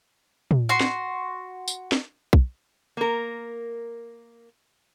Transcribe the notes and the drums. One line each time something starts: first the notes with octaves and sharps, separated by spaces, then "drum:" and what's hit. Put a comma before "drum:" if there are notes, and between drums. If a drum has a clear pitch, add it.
drum: tom
F#4 C6
drum: snare
drum: tambourine
drum: snare
drum: kick B1
A#3 A#4